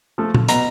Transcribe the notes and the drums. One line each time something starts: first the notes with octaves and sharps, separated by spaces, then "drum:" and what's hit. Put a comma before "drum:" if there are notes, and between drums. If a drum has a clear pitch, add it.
F3 A3
drum: tom A#2
B2 A#5, drum: hi-hat